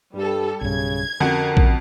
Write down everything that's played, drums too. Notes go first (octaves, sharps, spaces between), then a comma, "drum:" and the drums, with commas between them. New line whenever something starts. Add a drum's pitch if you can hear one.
G2 G3 A4
B1 G2 C#3 G#6
F2 D3 C#4 F#4 A#4
drum: kick A#1